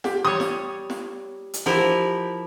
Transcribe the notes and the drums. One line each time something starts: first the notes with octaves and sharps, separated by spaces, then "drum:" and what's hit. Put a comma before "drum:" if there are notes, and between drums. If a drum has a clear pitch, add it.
G4, drum: snare
G3 C#5 D#6
drum: snare
drum: snare
drum: hi-hat
F3 E4 G4 A#4